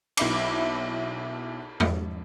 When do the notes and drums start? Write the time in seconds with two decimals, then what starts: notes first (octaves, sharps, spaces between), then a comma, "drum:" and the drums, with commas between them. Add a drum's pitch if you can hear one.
0.17 B1 E4 E5 B5 D6, drum: cymbal
1.80 drum: tom E2